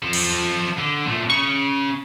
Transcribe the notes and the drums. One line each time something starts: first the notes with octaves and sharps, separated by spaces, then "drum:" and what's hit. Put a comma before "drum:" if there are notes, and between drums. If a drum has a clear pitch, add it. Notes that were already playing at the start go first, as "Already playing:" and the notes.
F3 A4
drum: cymbal
D3
A#2 A3
C#3 C#6